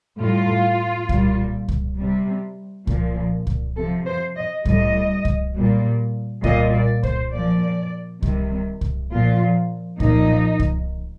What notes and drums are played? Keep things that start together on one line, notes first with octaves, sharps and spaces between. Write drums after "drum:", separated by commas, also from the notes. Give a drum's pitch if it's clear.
A2 G3 F4
A#2 G3, drum: kick C2
drum: kick C2
C3 G3
A#2 F3, drum: kick C2
drum: kick C2
C3 F3 A4
C5
D#5
A2 G3 D#5, drum: kick C2
drum: kick C2
A#2 G3
A#2 G3 D#5, drum: kick C2
D5
C5, drum: kick C2
A#2 F3 D5
C3 D#3 G3, drum: kick C2
drum: kick C2
A#2 F3 F4
A#2 F3 D#4, drum: kick C2
drum: kick C2